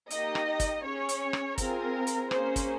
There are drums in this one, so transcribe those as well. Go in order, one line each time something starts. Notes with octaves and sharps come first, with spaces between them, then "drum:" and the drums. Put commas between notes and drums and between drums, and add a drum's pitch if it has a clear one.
A#3 D#4 G4 D#5, drum: hi-hat
drum: rim click
drum: kick, hi-hat
C#4 G#4 C#5
drum: hi-hat
drum: rim click
C4 F4 G#4 A#4, drum: kick, hi-hat
drum: hi-hat
A#3 C#4 G#4 C5, drum: rim click
drum: kick, hi-hat